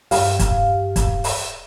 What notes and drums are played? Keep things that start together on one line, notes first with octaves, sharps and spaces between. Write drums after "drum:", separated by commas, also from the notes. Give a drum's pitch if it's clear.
G2 G4 F5, drum: open hi-hat
drum: kick, hi-hat
drum: kick, hi-hat
drum: open hi-hat